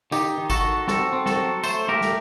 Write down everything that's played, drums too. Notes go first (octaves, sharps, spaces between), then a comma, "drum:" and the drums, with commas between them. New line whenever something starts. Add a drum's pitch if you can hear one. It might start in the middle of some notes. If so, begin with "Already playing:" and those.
D#3 D#4 G4, drum: tambourine
D#3
F#4 A4, drum: kick G#1, tambourine
D#3
C4 F#4 A4, drum: snare
C4
F#4 A4, drum: snare
F#3
A3 A4 C5, drum: tambourine
A3 G4 A#4
drum: snare